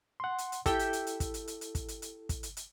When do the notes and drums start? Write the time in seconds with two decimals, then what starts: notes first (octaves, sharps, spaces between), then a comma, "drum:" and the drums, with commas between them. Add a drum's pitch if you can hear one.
0.20 F#5 C6
0.38 drum: hi-hat
0.52 drum: hi-hat
0.66 E4 G4 A4 E5 G5, drum: kick, hi-hat
0.79 drum: hi-hat
0.93 drum: hi-hat
1.07 drum: hi-hat
1.20 drum: kick, hi-hat
1.34 drum: hi-hat
1.48 drum: hi-hat
1.61 drum: hi-hat
1.75 drum: kick, hi-hat
1.88 drum: hi-hat
2.02 drum: hi-hat
2.29 drum: kick, hi-hat
2.43 drum: hi-hat
2.57 drum: hi-hat